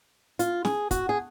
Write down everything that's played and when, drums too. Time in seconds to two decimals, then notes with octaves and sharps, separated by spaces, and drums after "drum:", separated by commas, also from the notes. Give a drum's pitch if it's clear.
0.39 F4, drum: hi-hat
0.65 G#4, drum: snare
0.91 F#4, drum: kick, hi-hat
1.09 G#4